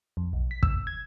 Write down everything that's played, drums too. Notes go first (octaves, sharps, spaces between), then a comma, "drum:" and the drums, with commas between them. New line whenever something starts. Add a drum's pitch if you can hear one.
F2
B1
B6
E6, drum: kick
G#6